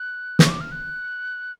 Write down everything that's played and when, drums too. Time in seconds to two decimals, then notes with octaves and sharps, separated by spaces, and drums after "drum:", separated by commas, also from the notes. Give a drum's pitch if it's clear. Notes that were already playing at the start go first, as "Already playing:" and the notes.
Already playing: F#6
0.39 C#6, drum: snare
0.50 D6
0.61 F6
0.72 F#6